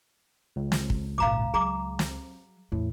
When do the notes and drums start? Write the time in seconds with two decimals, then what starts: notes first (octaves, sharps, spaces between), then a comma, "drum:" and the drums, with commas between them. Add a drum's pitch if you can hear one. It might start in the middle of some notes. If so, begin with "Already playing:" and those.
0.56 C#2
0.72 drum: snare
0.90 drum: kick
1.18 G#1 A#2 F5 A#5 D6
1.54 F#3 G#4 A#5 D6
1.99 drum: snare
2.72 E2 A2